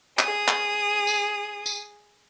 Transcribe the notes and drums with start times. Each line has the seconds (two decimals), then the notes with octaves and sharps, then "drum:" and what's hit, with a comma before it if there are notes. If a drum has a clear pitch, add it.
0.19 G#4 D#6, drum: clap
0.48 drum: clap
1.07 drum: tambourine
1.66 drum: tambourine